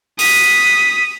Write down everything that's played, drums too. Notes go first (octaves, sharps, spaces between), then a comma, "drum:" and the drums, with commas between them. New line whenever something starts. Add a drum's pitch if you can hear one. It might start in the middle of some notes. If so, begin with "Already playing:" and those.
D#6 B6, drum: open hi-hat